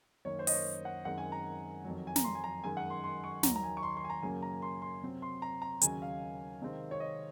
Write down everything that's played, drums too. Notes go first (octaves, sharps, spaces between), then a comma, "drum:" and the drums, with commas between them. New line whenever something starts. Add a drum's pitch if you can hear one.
F#2 D#3 A#3 C#4 C#5
C5
D#5, drum: open hi-hat
C#5
F#5
F#2 D#3 G#3 C4 F#5
G#5
A#5
F2 D#3 F#3
G#5
A#5, drum: snare
C6
G#5
A#5
F#2 D#3 G#3 G#5
F#5
C6
C6
C#6
D#2 D#3 F#3 A#5, drum: snare
A#5
G#5
C#6
C6
C6
G#5
A#5
F#2 C#3 F#3 A#3 G#5
A#5
C6
C6
C3 F#3 C4
C6
A#5
A#5
D#2 C#3 F#3 C#4 G#5, drum: hi-hat
F5
C3 D#3 G#3 C4
C#5
D#5